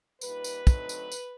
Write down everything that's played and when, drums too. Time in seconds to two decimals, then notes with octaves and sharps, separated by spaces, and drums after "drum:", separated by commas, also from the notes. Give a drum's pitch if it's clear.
0.21 A#2 G3 A#3 D#4 B4, drum: tambourine
0.44 drum: tambourine
0.67 D3 F#3 A3 C4 D#4, drum: kick, tambourine
0.89 drum: tambourine
1.12 drum: tambourine